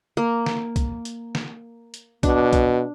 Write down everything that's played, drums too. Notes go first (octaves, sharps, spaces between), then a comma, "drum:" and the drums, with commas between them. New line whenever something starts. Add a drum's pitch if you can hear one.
A#3
drum: snare
drum: kick, hi-hat
drum: hi-hat
drum: snare
drum: hi-hat
B2 D4, drum: kick, hi-hat
drum: kick, hi-hat